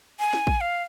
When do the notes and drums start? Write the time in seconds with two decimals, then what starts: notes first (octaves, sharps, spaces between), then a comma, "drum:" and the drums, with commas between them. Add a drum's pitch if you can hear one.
0.19 G#5
0.33 drum: snare
0.47 drum: kick
0.61 F5